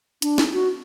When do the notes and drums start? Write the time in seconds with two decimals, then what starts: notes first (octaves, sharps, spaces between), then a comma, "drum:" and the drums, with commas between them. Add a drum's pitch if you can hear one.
0.22 D4, drum: hi-hat
0.38 drum: snare
0.53 F#4